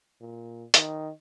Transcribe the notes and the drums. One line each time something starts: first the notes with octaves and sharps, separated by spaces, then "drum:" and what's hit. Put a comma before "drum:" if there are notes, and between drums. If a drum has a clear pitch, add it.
A#2
D#3, drum: hi-hat